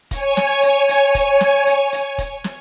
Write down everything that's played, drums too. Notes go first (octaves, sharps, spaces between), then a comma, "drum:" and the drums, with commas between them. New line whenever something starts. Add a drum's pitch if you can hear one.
C#5 G#5, drum: kick, hi-hat
drum: snare
drum: hi-hat
drum: hi-hat
drum: kick, hi-hat
drum: snare
drum: hi-hat
drum: hi-hat
drum: kick, hi-hat
drum: snare